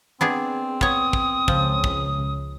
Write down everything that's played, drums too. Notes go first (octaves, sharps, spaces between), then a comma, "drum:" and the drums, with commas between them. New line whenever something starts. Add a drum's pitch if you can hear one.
B3 C4 D4 G#4
B3 C#5 D#6, drum: kick
drum: kick
C#2 C#3 F3, drum: kick
drum: kick